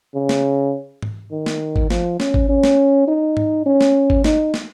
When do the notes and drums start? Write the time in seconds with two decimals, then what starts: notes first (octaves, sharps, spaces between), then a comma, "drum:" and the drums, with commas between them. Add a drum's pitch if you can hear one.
0.15 C#3
0.29 drum: snare
1.02 drum: tom G#2
1.32 D#3
1.46 drum: snare
1.76 drum: kick G#1
1.90 F3, drum: snare
2.20 C#4, drum: snare
2.34 drum: kick G#1
2.49 C#4
2.63 drum: snare
3.07 D#4
3.37 drum: tom G#2
3.66 C#4
3.81 drum: snare
4.10 drum: kick G#1
4.24 D#4, drum: snare
4.54 drum: snare